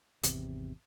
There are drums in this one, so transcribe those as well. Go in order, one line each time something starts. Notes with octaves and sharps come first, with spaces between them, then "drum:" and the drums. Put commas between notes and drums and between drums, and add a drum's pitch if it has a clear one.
G#1 E2 C3, drum: hi-hat